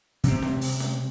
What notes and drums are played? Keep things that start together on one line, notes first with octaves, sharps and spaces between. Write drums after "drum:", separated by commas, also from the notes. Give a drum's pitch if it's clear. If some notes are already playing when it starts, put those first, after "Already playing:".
C3 C4, drum: hi-hat
drum: snare C#4
drum: open hi-hat
drum: snare C#4